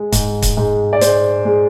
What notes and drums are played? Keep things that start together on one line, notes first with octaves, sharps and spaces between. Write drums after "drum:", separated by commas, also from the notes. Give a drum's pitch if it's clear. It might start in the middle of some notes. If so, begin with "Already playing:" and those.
Already playing: G#3
G#2, drum: kick C#1, hi-hat
drum: kick C#1, hi-hat
G#2
D5
G#3 C5, drum: hi-hat
G#3